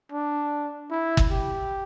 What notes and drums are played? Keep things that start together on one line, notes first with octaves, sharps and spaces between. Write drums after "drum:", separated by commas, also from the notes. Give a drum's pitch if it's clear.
D4
E4
drum: kick
G4